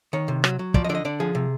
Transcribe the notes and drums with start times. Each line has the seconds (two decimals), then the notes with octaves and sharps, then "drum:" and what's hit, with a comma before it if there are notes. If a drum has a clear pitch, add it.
0.13 D#3 C#5
0.28 C3
0.44 F#3, drum: rim click
0.59 F#3
0.74 F3 D5, drum: kick
0.84 D#5
0.89 D3 D5
0.95 D#5
1.05 D3 D5
1.20 F3 G#4
1.35 C3